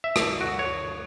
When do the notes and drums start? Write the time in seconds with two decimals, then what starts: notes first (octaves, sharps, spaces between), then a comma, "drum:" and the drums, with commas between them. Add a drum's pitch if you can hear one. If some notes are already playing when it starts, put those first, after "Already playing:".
0.04 E5
0.16 drum: rim click
0.41 F#4
0.59 C#5